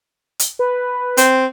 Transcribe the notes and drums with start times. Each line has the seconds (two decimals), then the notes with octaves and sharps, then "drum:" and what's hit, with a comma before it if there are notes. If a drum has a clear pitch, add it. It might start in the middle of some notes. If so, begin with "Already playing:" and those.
0.39 drum: hi-hat
0.59 B4
1.17 C4, drum: hi-hat